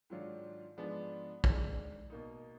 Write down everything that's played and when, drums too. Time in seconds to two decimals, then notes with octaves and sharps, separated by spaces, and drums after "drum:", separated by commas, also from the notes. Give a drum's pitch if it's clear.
0.10 G#2 D#3 F#3 D4 F4
0.77 G#2 F3 G#3 B3 D4
1.44 D#3 G#3 D4, drum: kick
2.10 B2 A#3 D#4